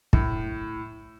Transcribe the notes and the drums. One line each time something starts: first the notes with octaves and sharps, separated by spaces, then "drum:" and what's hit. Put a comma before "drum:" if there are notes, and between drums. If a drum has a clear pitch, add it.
A2, drum: kick